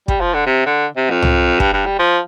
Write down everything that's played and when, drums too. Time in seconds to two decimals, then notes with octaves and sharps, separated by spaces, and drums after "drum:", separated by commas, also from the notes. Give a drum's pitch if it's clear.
0.08 G3, drum: kick
0.21 F3
0.34 D3
0.46 C3
0.66 D3
0.97 C3
1.10 F2
1.22 drum: tom C2
1.60 G2, drum: kick
1.73 G2
1.85 G3
1.99 F3